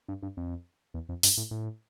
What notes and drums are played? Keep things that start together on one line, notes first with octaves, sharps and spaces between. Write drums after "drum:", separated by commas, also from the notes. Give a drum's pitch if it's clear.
G2
G2
F2
E2
F2
G2, drum: open hi-hat
A2
A2